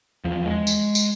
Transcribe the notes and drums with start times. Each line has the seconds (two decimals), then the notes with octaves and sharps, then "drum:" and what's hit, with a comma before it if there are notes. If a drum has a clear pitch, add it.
0.25 E2 F3
0.46 G#3
0.67 drum: tambourine
0.95 drum: tambourine